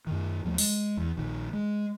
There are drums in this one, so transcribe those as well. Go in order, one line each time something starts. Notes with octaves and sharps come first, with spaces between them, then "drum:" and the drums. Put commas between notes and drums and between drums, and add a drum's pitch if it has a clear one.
F#2 D#3
D#2 F3 G3 A3
G#3, drum: open hi-hat
E2
A#1 D#3
G#3